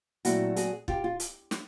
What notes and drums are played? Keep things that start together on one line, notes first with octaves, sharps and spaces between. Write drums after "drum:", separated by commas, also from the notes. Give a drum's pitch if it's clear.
A#2 F#3 A3 C4 E4 F#4, drum: hi-hat
F#4 G#4, drum: hi-hat
F4 G4, drum: kick
F4
drum: hi-hat
drum: snare